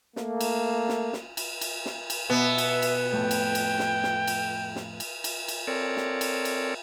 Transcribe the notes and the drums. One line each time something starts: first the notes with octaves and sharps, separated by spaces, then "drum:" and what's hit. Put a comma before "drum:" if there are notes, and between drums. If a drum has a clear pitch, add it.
A3 A#3, drum: snare
drum: cymbal
drum: snare
drum: snare
drum: cymbal
drum: cymbal
drum: snare
drum: cymbal
B2 B3 E5
drum: cymbal
drum: cymbal
F2 A2 G5
drum: cymbal
drum: cymbal
drum: snare
drum: snare
drum: cymbal
drum: snare
drum: cymbal
drum: cymbal
drum: cymbal
C4 A4 A#4 C#5 D5
drum: snare
drum: cymbal
drum: cymbal